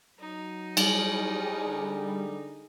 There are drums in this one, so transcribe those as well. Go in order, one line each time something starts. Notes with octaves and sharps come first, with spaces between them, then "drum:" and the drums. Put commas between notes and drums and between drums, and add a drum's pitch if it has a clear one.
F#3 D#4
G3 G#3, drum: cymbal
D3